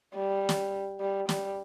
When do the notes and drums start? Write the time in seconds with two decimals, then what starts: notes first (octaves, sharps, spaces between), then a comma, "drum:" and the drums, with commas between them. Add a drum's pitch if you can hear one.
0.15 G3
0.49 drum: snare
1.00 G3
1.29 G3, drum: snare